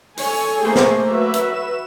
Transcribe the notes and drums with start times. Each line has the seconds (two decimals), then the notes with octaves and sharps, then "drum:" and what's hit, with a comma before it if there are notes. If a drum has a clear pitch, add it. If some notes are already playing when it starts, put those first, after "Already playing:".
0.17 A4 C#5 G#5, drum: open hi-hat
0.61 A3 A#3 G#4 C5
0.75 drum: snare
1.09 F#3 F#4 B4 E5
1.34 drum: hi-hat
1.52 E7